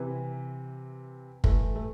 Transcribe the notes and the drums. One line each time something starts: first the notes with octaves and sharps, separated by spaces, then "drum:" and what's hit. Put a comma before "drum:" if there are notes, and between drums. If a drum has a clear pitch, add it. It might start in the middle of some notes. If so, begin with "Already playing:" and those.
Already playing: C3 E3
E3 A3, drum: kick
A3